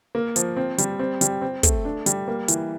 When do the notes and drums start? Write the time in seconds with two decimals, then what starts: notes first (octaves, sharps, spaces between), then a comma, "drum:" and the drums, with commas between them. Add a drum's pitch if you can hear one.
0.15 A#3
0.36 F3, drum: hi-hat
0.56 C4
0.78 G3, drum: hi-hat
0.99 C4
1.21 G3, drum: hi-hat
1.42 C4
1.63 A3, drum: kick, hi-hat
1.85 D4
2.06 G3, drum: hi-hat
2.28 A#3
2.48 E3, drum: hi-hat